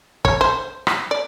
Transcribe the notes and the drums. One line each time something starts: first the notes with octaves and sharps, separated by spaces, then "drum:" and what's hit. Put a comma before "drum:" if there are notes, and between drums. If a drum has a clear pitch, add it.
C#5, drum: kick
C5
drum: rim click
D5